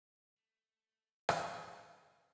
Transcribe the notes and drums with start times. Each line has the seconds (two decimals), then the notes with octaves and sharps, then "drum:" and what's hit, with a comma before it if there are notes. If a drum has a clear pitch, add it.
0.36 A3
1.29 drum: rim click
1.38 F2
1.96 C#3